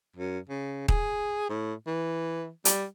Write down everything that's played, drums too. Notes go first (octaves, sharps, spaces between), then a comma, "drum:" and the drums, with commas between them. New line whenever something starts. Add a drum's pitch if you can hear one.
F#2
C#3
G#4, drum: kick D#1
A2
E3
G3, drum: hi-hat